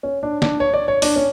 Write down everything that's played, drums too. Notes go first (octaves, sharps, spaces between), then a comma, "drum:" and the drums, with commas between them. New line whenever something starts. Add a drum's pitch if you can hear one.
C#4
D4
D4, drum: snare
C#5
D5
C#5
D4, drum: open hi-hat
C#4